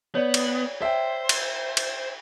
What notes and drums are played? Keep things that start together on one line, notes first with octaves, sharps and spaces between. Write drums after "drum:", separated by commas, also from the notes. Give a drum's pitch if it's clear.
B3 C#5 D5
drum: cymbal
C5 E5 G5
drum: cymbal
drum: cymbal